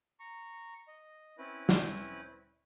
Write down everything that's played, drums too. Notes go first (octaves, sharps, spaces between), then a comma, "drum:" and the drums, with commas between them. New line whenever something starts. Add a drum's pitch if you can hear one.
A#5 C#6
D#5
C4 C#4 E4 B4
drum: snare